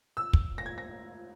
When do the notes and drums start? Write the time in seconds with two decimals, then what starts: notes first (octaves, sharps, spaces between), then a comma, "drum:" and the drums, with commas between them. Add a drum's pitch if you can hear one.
0.17 E6
0.33 drum: kick
0.58 A#6
0.66 G#6
0.78 A#6